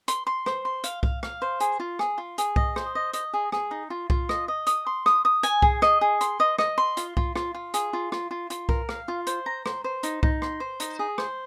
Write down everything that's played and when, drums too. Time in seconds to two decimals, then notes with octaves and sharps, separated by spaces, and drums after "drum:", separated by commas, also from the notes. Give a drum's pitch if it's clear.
0.08 C6, drum: hi-hat
0.27 C6
0.46 C5, drum: rim click
0.65 C6
0.84 F5, drum: hi-hat
1.03 F5, drum: kick C2
1.23 F5, drum: rim click
1.42 C5
1.60 G#4, drum: hi-hat
1.80 F4
1.99 G#4, drum: rim click
2.18 F4
2.38 G#4, drum: hi-hat
2.56 D#5, drum: kick C2
2.76 C5, drum: rim click
2.95 D#5
3.13 D#5, drum: hi-hat
3.34 G#4
3.52 G#4, drum: rim click
3.71 D#4
3.90 F4
4.10 F4, drum: kick C2
4.29 D#5, drum: rim click
4.48 D#5
4.67 D#6, drum: hi-hat
4.87 C6
5.06 D#6, drum: rim click
5.25 D#6
5.43 G#5, drum: hi-hat
5.62 G#4, drum: kick C2
5.82 D#5, drum: rim click
6.01 G#4
6.21 C6, drum: hi-hat
6.40 D#5
6.59 D#5, drum: rim click
6.78 C6
6.97 F4, drum: hi-hat
7.17 F4, drum: kick C2
7.36 F4, drum: rim click
7.55 F4
7.74 G#4, drum: hi-hat
7.93 F4
8.12 F4, drum: rim click
8.31 F4
8.50 F4, drum: hi-hat
8.69 A#4, drum: kick C2
8.89 F5, drum: rim click
9.08 F4
9.27 C5, drum: hi-hat
9.46 A#5
9.66 C5, drum: rim click
9.84 C5
10.03 D#4, drum: hi-hat
10.23 D#4, drum: kick C2
10.42 C6, drum: rim click
10.60 C5
10.80 D#4, drum: hi-hat
10.99 G#4
11.18 C5, drum: rim click